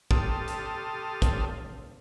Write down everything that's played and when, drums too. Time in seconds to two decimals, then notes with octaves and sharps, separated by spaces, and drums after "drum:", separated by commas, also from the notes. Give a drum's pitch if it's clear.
0.11 G4 A4 A5 C6 D#6 F6, drum: kick
0.48 drum: hi-hat
1.22 drum: kick, hi-hat